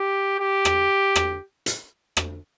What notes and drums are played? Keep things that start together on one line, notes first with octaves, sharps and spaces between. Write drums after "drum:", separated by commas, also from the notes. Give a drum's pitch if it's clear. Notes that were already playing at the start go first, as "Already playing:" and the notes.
Already playing: G4
G4
drum: rim click
drum: rim click
drum: hi-hat
drum: rim click